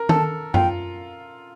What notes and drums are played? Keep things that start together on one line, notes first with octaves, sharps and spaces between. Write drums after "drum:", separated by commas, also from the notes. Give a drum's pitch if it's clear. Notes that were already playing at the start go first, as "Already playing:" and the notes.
Already playing: A#4
A4 A5, drum: tom D#3
F4 G5, drum: tom F#2